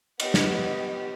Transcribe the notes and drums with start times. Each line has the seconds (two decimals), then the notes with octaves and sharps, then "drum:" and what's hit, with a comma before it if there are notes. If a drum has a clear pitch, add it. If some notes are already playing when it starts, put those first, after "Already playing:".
0.20 B3 G4 D#5, drum: cymbal
0.34 drum: snare